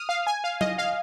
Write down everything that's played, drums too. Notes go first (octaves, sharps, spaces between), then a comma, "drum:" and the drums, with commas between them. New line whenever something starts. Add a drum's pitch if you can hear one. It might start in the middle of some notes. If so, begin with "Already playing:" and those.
Already playing: D#6 F6
F5
G#5
F5
D#5, drum: tom F#3
F5